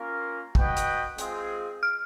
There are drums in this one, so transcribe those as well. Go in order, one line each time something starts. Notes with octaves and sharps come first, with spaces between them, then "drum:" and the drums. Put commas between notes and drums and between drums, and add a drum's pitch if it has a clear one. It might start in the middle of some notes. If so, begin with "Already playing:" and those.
Already playing: A#3 C#4 F4 A#4
F#4 B4 D#5 G5, drum: kick
drum: hi-hat
G#3 C4 F4 G#4, drum: hi-hat
F6